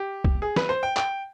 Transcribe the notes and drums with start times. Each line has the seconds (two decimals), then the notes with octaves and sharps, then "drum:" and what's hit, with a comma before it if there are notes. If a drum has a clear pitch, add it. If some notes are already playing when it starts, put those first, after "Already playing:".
Already playing: G4
0.24 drum: kick B1
0.42 G#4
0.56 B4, drum: snare
0.69 C5
0.83 G5
0.97 G5, drum: clap